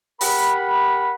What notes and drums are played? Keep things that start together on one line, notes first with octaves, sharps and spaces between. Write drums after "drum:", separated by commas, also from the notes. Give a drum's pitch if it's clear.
G4 A#4 F#5 B5, drum: open hi-hat